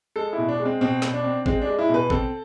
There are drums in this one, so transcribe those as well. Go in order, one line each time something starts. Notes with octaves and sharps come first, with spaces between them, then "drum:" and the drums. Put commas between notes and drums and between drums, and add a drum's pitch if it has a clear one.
G#3 A4
B2 E4
D4
G#3
C4
B2 C4
B2, drum: snare
D4
C4
G#3 C4, drum: kick G#1
D4
G#3
E4
B2 B4
C4 A4, drum: kick G#1